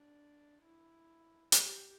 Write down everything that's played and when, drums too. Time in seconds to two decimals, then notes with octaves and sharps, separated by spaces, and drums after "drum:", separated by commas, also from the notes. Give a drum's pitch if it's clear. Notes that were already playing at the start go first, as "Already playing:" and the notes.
Already playing: D4
0.62 E4
1.52 G4, drum: hi-hat